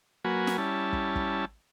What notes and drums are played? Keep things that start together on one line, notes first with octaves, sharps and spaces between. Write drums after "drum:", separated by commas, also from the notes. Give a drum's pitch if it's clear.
F#3 A#3 F#4 B4 G#5
drum: snare
G3 C#4 E4 A5
drum: kick
drum: kick